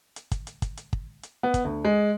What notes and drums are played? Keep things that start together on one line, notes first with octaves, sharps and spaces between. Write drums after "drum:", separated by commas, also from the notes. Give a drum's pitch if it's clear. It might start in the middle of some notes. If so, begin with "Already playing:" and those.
drum: hi-hat
drum: kick, hi-hat
drum: hi-hat
drum: kick, hi-hat
drum: hi-hat
drum: kick
drum: hi-hat
B3
drum: kick, hi-hat
D2
G#3